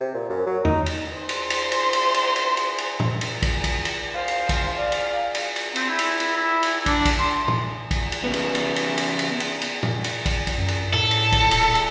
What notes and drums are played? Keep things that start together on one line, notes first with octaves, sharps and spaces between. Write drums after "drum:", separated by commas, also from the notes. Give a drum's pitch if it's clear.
C3
A#2
F#2
F#3
D#4, drum: tom E2
drum: cymbal
C5 C6
drum: cymbal
drum: cymbal
drum: cymbal
drum: cymbal
drum: cymbal
drum: cymbal
drum: cymbal
drum: cymbal
drum: tom
drum: cymbal
drum: kick, cymbal
drum: kick, cymbal
drum: cymbal
C5 F5
drum: cymbal
drum: kick, cymbal
D5 F5
drum: cymbal
drum: cymbal
drum: cymbal
C4, drum: cymbal
E4
drum: cymbal
drum: cymbal
E4
drum: cymbal
D4, drum: kick, cymbal
drum: kick, cymbal
C6
drum: tom
drum: kick, cymbal
drum: cymbal
C#3 B3
drum: cymbal
drum: cymbal
drum: cymbal
drum: cymbal
drum: cymbal
drum: cymbal
drum: cymbal
drum: tom
drum: cymbal
drum: kick, cymbal
drum: kick, cymbal
F#2
drum: cymbal
A2 A4
drum: cymbal
drum: kick, cymbal
D#1, drum: cymbal
drum: cymbal